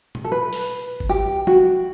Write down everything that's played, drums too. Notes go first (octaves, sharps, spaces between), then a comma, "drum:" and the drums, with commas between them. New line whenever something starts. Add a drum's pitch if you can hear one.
drum: tom A#2
A4
B4
drum: open hi-hat
drum: kick G1
G4
F#4, drum: tom F3